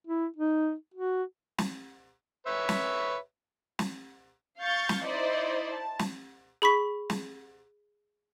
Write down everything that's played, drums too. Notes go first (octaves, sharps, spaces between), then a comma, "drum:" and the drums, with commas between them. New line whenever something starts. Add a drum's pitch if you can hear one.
E4
D#4
F#4
drum: snare
B4 C#5 E5
drum: snare
drum: snare
F5 C#6 G6 A6
drum: snare
D#4 E4 C5 D5 D#5
A5
drum: snare
G#4 B5 C#6 B6
drum: snare